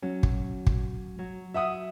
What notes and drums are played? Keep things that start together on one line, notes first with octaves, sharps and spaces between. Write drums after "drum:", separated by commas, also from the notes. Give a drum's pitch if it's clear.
F#3 C#4
drum: kick
drum: kick
F#3
E5 F#5 D#6